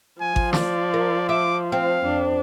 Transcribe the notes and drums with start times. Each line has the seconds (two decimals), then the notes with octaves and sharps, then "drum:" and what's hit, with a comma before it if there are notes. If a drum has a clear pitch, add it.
0.21 F3 G#5
0.36 drum: kick G#1
0.53 D5, drum: snare
0.94 A#4
1.29 E5 D6
1.72 C4 F5
2.02 F2 D4